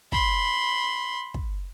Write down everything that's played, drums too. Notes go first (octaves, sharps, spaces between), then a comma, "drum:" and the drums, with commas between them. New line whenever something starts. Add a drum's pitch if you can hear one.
B5 C6, drum: kick
drum: kick